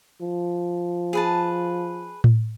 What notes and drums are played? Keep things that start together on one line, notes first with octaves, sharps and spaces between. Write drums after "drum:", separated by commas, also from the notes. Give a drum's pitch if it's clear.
F3
G#4 B4 A5
drum: tom A2